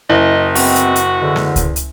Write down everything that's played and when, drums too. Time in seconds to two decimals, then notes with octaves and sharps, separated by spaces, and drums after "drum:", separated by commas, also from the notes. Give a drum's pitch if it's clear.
0.10 F#1 E4 D#5 E5 G#5
0.55 G#3 B3 C4 F#4, drum: open hi-hat
0.75 drum: hi-hat
0.96 drum: hi-hat
1.21 E2 B2 D3
1.36 drum: snare
1.56 drum: kick C#2, hi-hat
1.76 drum: hi-hat